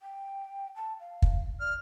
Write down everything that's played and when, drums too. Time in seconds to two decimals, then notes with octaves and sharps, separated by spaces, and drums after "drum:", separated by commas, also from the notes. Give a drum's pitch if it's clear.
0.02 G5
0.76 A5
1.00 F5
1.22 drum: kick
1.60 D5 F6